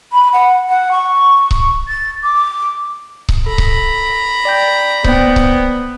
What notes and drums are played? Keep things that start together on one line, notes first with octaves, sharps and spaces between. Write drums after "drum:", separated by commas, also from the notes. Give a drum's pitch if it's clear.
B5
F#5
F#5
C#6
drum: kick C#1
A6
D6
drum: kick C#1
A4 A#5 B5
drum: kick C#1
D5 G5 G6
B3 C5 D5 G5, drum: kick C#1
drum: kick C#1